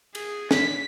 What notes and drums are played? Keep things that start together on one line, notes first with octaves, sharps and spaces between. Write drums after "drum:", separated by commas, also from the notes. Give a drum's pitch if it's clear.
G#4, drum: cymbal
B6, drum: snare